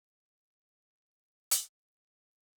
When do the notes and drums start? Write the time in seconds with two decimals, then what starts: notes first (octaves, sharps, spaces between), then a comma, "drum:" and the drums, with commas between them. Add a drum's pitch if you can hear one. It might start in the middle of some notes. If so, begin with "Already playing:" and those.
0.23 C#2 F4 G#5 A5
1.51 drum: hi-hat